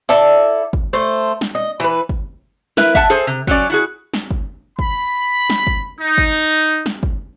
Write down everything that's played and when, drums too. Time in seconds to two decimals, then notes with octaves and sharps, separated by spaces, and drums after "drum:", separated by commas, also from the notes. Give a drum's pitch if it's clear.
0.09 E4 A4 D5 E5
0.73 drum: kick
0.93 A3 C5
1.41 drum: snare
1.55 D#5
1.80 E3 B4
2.09 drum: kick
2.77 E4 A#4 B4 E5, drum: snare
2.95 E5 F#5 A5, drum: kick
3.10 G#4 A4 C5
3.27 C3
3.47 F#3 C#4 D5, drum: kick
3.70 E4 F#4 G#4
4.14 drum: snare
4.31 drum: kick
4.79 B5, drum: kick
5.50 drum: snare
5.67 drum: kick
6.01 D#4
6.18 drum: kick
6.86 drum: snare
7.03 drum: kick